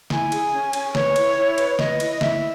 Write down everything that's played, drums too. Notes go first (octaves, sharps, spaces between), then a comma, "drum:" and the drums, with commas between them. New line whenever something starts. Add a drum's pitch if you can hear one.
E4 G#5, drum: snare
G#4, drum: cymbal
C#4
C#4, drum: cymbal
B4 C#5, drum: snare
E4, drum: cymbal
E4
B4, drum: cymbal
B4 D#5, drum: snare
E4, drum: cymbal
E4 E5, drum: snare